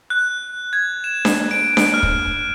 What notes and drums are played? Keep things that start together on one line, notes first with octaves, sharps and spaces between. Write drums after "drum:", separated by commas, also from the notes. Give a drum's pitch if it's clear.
F#6
G#6
E7
drum: snare D4
D7
drum: snare D4
F6
drum: kick